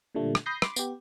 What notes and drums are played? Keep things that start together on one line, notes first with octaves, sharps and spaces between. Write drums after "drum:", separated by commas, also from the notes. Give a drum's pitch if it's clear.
A#2 D3 G3 A3
drum: rim click
B5 D#6 G6 A#6 C7
B5 C6 D6, drum: rim click
B3 G4, drum: tambourine